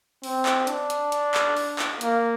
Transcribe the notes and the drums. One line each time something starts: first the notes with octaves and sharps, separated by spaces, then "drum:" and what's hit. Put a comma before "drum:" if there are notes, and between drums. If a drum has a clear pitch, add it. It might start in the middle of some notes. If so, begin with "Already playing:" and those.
C4, drum: open hi-hat
drum: clap
D4, drum: hi-hat
drum: hi-hat
drum: hi-hat
drum: clap
drum: open hi-hat
drum: clap
A#3, drum: hi-hat